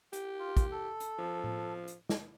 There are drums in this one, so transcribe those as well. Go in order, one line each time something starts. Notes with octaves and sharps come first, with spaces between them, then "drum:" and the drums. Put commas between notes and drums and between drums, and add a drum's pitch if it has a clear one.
G4, drum: hi-hat
F4
drum: kick, hi-hat
A4
drum: hi-hat
F3
drum: tom A2
drum: hi-hat
drum: snare